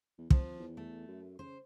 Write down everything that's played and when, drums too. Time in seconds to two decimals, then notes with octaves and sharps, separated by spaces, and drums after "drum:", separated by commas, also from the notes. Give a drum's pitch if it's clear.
0.18 E2
0.30 F2 F3, drum: kick
0.59 E2
0.77 A3
1.08 F#2
1.39 C#3 C5